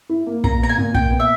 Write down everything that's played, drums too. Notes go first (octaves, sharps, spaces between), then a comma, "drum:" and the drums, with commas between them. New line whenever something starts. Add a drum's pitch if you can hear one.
E4
A#3
A#2 A#5, drum: kick
B3 A#5
G#5
A#2
A#2 G5, drum: kick
B3
E5